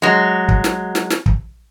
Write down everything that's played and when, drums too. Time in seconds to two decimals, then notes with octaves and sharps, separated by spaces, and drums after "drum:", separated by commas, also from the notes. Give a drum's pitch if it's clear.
0.02 F#3 G#3
0.48 drum: kick
0.64 drum: snare
0.95 drum: snare
1.10 drum: snare
1.26 drum: kick